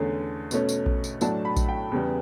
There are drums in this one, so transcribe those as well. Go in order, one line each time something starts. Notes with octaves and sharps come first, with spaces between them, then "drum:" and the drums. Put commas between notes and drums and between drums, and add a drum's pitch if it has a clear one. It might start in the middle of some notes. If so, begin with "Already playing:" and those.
Already playing: E2 D3 A3 C#4
B2 A3 C#4, drum: tambourine
drum: tambourine
drum: kick A#1
drum: tambourine
A2 F#3 A3 D4 A5, drum: tambourine
B5
drum: kick A#1, tambourine
G5
E2 C#3 G3 B3